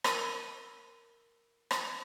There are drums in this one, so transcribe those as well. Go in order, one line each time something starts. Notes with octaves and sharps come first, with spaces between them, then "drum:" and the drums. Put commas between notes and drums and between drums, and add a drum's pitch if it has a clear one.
A#4 B5 E6 D#7, drum: rim click
drum: rim click